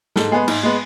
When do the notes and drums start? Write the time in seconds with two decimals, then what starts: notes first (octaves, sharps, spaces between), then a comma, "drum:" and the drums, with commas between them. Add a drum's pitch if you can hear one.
0.16 G#2 A4, drum: snare
0.32 G#3 B3 G#4
0.48 G#2, drum: cymbal
0.63 G#3 B3